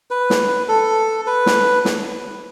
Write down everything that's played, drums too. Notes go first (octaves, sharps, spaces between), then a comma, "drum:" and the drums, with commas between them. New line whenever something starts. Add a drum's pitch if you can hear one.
B4
drum: snare
A4
B4
drum: snare
drum: snare